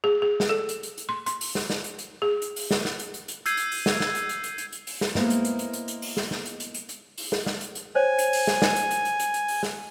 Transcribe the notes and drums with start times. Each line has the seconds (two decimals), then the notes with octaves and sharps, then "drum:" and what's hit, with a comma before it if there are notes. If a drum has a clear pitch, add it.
0.04 G#4
0.22 G#4
0.40 drum: snare
0.49 A4
0.69 drum: hi-hat
0.83 drum: hi-hat
0.98 drum: hi-hat
1.09 C6
1.26 C6, drum: hi-hat
1.41 drum: open hi-hat
1.55 drum: snare
1.70 drum: snare
1.84 drum: hi-hat
1.99 drum: hi-hat
2.22 G#4
2.42 drum: hi-hat
2.56 drum: open hi-hat
2.71 drum: snare
2.85 drum: snare
2.99 drum: hi-hat
3.14 drum: hi-hat
3.28 drum: hi-hat
3.46 E6 G6 G#6 C7 D#7, drum: hi-hat
3.57 drum: hi-hat
3.72 drum: open hi-hat
3.86 drum: snare
4.00 drum: snare
4.15 drum: hi-hat
4.29 drum: hi-hat
4.44 drum: hi-hat
4.58 drum: hi-hat
4.72 drum: hi-hat
4.87 drum: open hi-hat
5.01 drum: snare
5.15 G#3 A#3 B3 E4 A#4 C5, drum: snare
5.30 drum: hi-hat
5.45 drum: hi-hat
5.59 drum: hi-hat
5.73 drum: hi-hat
5.88 drum: hi-hat
6.02 drum: open hi-hat
6.17 drum: snare
6.31 drum: snare
6.45 drum: hi-hat
6.60 drum: hi-hat
6.74 drum: hi-hat
6.89 drum: hi-hat
7.18 drum: open hi-hat
7.32 drum: snare
7.46 drum: snare
7.61 drum: hi-hat
7.75 drum: hi-hat
7.95 C5 C#5 G5 G#5
8.19 drum: hi-hat
8.33 drum: open hi-hat
8.47 drum: snare
8.62 drum: snare
8.76 drum: hi-hat
8.91 drum: hi-hat
9.05 drum: hi-hat
9.19 drum: hi-hat
9.34 drum: hi-hat
9.48 drum: open hi-hat
9.63 drum: snare